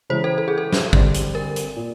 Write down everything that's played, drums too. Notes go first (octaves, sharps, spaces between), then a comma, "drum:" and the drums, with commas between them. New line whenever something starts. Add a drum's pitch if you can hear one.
C#3 E3 G#3 C5
A4
A4
G#4
A4
drum: snare
D3 G3 C4, drum: kick G#1
drum: hi-hat
A#4
drum: hi-hat
A#2